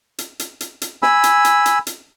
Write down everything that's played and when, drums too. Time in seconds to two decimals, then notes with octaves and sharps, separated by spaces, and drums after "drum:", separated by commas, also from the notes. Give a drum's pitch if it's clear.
0.18 drum: hi-hat
0.39 drum: hi-hat
0.60 drum: hi-hat
0.82 drum: hi-hat
1.03 G#5 B5 E6, drum: snare
1.24 drum: hi-hat
1.45 drum: hi-hat
1.66 drum: hi-hat
1.87 drum: hi-hat